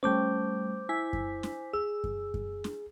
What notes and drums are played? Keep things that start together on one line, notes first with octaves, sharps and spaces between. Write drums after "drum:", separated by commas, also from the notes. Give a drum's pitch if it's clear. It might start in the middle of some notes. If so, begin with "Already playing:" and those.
G3 A3 C#4 C5 D6 G6
E4 G#5 B6
drum: kick F#2
drum: snare
G#4 E6
drum: kick F#2
drum: kick F#2
drum: snare